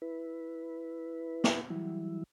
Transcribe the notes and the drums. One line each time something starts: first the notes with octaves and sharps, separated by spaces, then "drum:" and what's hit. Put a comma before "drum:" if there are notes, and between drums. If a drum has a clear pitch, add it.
E4 B4
drum: snare
E3 F#3 G3 E4